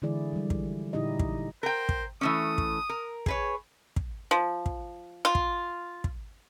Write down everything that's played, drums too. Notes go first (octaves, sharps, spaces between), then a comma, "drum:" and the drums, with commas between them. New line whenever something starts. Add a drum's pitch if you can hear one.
D3 E3 G#3 E4 G#4 D5
F3 G3
drum: kick
A#2 D3 D#4 E4 G4 D#5
drum: kick
A#4 C5 G5
drum: kick
E3 A3 C#4 D#6
drum: kick
A#4
G#4 B4 C#5, drum: kick
drum: kick
F3
drum: kick
F4
drum: kick
drum: kick